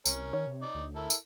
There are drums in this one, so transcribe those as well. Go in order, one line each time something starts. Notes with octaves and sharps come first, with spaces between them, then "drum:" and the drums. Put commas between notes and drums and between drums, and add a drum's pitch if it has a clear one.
C2 C#4 A#4, drum: tambourine
D#3 C#5
C3
D#4 D5
D2
E4 A4 A#4
drum: tambourine